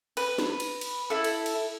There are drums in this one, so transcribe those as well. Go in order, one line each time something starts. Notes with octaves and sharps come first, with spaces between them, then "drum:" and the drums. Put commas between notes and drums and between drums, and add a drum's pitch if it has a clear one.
B4, drum: cymbal
drum: snare
drum: cymbal
drum: cymbal
E4 A4
drum: cymbal
drum: cymbal